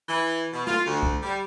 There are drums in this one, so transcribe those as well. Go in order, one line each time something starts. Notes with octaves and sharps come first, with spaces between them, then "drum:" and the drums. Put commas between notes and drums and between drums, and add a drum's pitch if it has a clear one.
E3
B2
F4, drum: snare
D2
drum: kick
G3